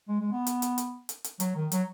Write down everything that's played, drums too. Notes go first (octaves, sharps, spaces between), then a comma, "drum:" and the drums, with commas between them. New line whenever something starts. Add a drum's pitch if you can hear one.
G#3
G#3
B3
drum: hi-hat
drum: hi-hat
drum: hi-hat
drum: hi-hat
drum: hi-hat
F#3, drum: hi-hat
D#3
F#3, drum: hi-hat